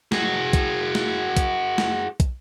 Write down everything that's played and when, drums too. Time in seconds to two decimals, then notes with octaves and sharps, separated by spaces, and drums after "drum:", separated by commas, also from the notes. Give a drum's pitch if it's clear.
0.12 F#4 G#4, drum: snare
0.53 drum: kick, hi-hat
0.95 drum: snare
1.37 drum: kick, hi-hat
1.78 drum: snare
2.20 drum: kick, hi-hat